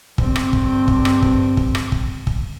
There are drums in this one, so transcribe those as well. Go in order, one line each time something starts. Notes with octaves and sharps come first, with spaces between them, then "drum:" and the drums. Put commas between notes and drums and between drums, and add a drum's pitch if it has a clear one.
G2 C4, drum: kick
drum: rim click
drum: kick
drum: kick
drum: rim click
drum: kick
drum: kick
drum: rim click
drum: kick
drum: kick